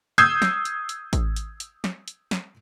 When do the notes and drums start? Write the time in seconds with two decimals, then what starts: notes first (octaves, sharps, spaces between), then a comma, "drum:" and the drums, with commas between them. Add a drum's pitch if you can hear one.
0.18 D#6 E6 G6 G#6 C7, drum: hi-hat
0.42 drum: snare
0.65 drum: hi-hat
0.89 drum: hi-hat
1.13 drum: kick A1, hi-hat
1.36 drum: hi-hat
1.60 drum: hi-hat
1.84 drum: snare
2.08 drum: hi-hat
2.31 drum: snare